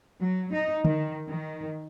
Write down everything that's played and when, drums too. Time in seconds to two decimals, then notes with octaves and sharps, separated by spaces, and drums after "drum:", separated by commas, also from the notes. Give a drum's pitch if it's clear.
0.21 F#3
0.53 D#4
0.85 D#3, drum: tom D3
1.29 D#3